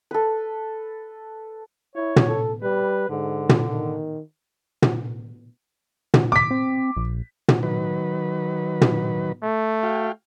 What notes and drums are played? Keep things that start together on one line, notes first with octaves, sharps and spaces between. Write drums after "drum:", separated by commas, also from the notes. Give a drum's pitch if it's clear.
A4 B4
E4 C#5
drum: tom
A4
G3 B4
G#2 D3
drum: tom
D#3
drum: tom
D2, drum: tom
D#2 D6 B6
C4
A#1
drum: tom
D#3 F#3 B4
drum: tom
A3
F#4 F5 G5